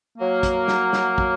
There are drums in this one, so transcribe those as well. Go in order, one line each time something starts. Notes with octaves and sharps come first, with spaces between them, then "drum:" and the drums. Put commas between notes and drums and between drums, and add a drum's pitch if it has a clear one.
F#3 A#3
drum: kick, hi-hat
drum: snare
drum: snare
drum: kick